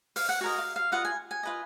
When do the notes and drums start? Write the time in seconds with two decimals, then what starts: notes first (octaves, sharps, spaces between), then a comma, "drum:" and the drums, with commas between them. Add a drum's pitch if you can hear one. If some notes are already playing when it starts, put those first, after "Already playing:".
0.16 F5, drum: open hi-hat
0.29 F#5
0.41 F#4 A#4 D#5 G#5
0.58 F5
0.76 F5
0.92 F4 B4 D#5 F#5
1.05 G#5
1.31 G#5
1.43 F4 B4 D#5